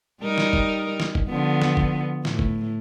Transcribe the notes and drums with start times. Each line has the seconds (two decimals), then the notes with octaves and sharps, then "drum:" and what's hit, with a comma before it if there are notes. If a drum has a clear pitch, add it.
0.22 G3 D#4 A#4
0.38 drum: snare
0.53 drum: kick
1.00 drum: snare
1.15 drum: kick
1.28 D3 F3 B3
1.62 drum: snare
1.77 drum: kick
2.25 A2, drum: snare
2.39 drum: kick